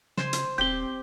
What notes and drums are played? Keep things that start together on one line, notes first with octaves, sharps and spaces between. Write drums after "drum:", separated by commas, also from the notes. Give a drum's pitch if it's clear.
C#3 C5 G#5, drum: snare
drum: hi-hat
D#1 C4 G4 G6 G7